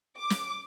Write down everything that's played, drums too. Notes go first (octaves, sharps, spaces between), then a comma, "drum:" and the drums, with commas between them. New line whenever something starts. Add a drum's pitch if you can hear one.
D6
drum: snare